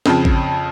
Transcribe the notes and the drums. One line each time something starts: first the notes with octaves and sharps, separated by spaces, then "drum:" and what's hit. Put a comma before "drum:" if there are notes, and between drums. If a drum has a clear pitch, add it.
F2 C#3 F3, drum: snare
drum: kick A1